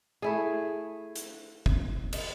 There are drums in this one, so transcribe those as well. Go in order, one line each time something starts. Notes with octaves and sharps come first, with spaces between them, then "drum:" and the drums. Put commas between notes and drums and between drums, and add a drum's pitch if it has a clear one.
A3 E4 G#4
drum: hi-hat
drum: kick
drum: cymbal